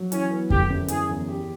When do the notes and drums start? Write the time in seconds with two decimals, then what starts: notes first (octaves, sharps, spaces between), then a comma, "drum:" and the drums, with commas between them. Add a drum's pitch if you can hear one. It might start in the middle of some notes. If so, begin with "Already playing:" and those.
Already playing: F#3
0.12 E3 C#4, drum: hi-hat
0.31 B3
0.50 D3 G4, drum: kick F2
0.70 F#2
0.88 E3 G#4, drum: hi-hat
1.09 E2
1.28 G4